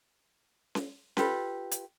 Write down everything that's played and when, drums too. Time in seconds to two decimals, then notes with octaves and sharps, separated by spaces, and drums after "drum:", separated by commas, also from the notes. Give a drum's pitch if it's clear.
0.75 drum: snare C#4
1.17 F4 G4 A4 B4, drum: snare C#4
1.71 drum: hi-hat